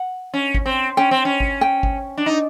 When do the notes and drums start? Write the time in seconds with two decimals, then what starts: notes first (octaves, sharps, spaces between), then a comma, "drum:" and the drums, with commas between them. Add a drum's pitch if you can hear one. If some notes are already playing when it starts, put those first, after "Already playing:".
Already playing: F#5
0.34 C#4
0.55 drum: kick G#1
0.66 C4
0.97 C#4 G5
1.11 C4
1.25 C#4
1.40 drum: kick G#1
1.61 G5
1.83 drum: kick G#1
2.17 D4
2.26 D#4